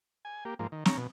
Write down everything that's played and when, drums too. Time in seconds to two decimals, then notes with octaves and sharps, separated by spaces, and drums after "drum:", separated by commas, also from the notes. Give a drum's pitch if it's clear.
0.25 G#5
0.45 A#3 G4
0.59 G#2 F3 A#3
0.72 D#3
0.85 C#5 A#5, drum: snare
0.97 B2